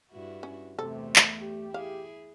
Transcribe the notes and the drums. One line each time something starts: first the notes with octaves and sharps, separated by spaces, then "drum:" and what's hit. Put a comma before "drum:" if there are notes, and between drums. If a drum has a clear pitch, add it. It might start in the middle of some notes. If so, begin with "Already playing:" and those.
G2 E4 F#4
C#4
E2 C3 A3 A4
drum: clap
G4
E4 G#4 F5